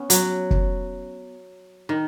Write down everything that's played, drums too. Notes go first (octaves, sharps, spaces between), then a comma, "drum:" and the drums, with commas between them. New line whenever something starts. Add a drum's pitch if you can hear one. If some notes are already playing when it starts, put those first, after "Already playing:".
Already playing: B3 C#4
F#3, drum: hi-hat
drum: kick
D#3